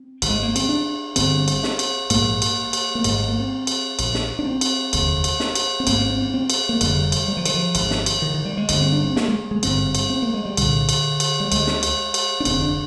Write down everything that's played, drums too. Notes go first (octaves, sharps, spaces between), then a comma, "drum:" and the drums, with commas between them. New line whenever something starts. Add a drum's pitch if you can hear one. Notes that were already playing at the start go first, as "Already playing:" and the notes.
Already playing: C4
G#1 G#2, drum: cymbal
G#3
A#3
C4, drum: cymbal
D4
G1 G2 D3 C4, drum: cymbal
drum: cymbal
drum: snare
drum: cymbal
A#1 G#2 A#3, drum: cymbal
drum: cymbal
drum: cymbal
A#3
G#1 G#2 G#3, drum: cymbal
G#3
A#3
C4
drum: cymbal
A#1 A#2, drum: cymbal
drum: snare
D4
C4
drum: cymbal
F1 D#2 D3, drum: cymbal
drum: cymbal
drum: snare
drum: cymbal
C4
G#1 G#2 A#3, drum: cymbal
C4
C4
C4
C4
drum: cymbal
A#3
F1 F2 D3 G3, drum: cymbal
drum: cymbal
G3
F3
D#3, drum: cymbal
F3
G#1 G#2, drum: cymbal
drum: snare
drum: cymbal
D#3
D#3
G3
G#3
G1 G2 D3 G#3, drum: cymbal
C4
D4
C4
A#3, drum: snare
G#3
G#3
G#1 G2 D3 C4, drum: cymbal
drum: cymbal
C4
A#3
G#3
G3
C2 A#2 D3, drum: cymbal
drum: cymbal
drum: cymbal
G3
D2 D3 G#3, drum: cymbal
drum: snare
drum: cymbal
drum: cymbal
D4
F1 D#2 D3 C4, drum: cymbal
D4